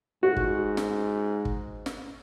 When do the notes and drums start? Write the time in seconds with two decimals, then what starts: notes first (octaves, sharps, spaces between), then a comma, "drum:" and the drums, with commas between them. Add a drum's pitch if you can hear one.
0.23 G#2 F#4
0.36 drum: kick
0.77 drum: snare
1.45 drum: kick
1.86 drum: snare